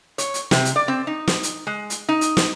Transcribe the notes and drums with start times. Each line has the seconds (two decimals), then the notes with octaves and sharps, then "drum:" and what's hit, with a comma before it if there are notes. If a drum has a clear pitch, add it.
0.18 C#5, drum: hi-hat
0.34 drum: hi-hat
0.51 C3, drum: snare
0.65 drum: hi-hat
0.76 D5
0.88 C4
1.07 D#4
1.27 drum: snare
1.43 drum: hi-hat
1.67 G#3
1.90 drum: hi-hat
2.09 D#4
2.21 drum: hi-hat
2.37 drum: snare